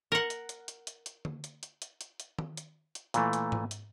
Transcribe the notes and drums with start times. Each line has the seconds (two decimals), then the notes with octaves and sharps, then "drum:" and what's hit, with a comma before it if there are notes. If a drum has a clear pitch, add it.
0.12 A#4 F#5
0.30 drum: hi-hat
0.49 drum: hi-hat
0.68 drum: hi-hat
0.87 drum: hi-hat
1.06 drum: hi-hat
1.25 drum: tom D3
1.44 drum: hi-hat
1.63 drum: hi-hat
1.82 drum: hi-hat
2.01 drum: hi-hat
2.20 drum: hi-hat
2.38 drum: tom
2.57 drum: hi-hat
2.95 drum: hi-hat
3.14 A#2 E3 A3, drum: hi-hat
3.33 drum: hi-hat
3.52 drum: tom G#2
3.71 drum: hi-hat